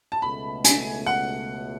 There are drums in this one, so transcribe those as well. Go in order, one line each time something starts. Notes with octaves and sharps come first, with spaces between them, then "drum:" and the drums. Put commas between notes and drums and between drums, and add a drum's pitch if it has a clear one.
A5
C#2 B2 A3 B5
G#5, drum: hi-hat
F#5